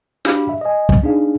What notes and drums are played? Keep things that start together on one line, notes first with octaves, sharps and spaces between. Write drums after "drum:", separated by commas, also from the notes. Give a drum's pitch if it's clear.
D4 F#4 G4 F5 B5, drum: snare
E5
D#5 G#5
drum: kick
B3 D4 D#4 G#4 F5